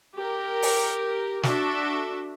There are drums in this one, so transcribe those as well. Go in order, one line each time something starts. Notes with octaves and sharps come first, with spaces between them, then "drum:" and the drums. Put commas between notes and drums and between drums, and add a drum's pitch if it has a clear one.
G4 A#4
drum: open hi-hat
D4 F#4 A4 E5, drum: snare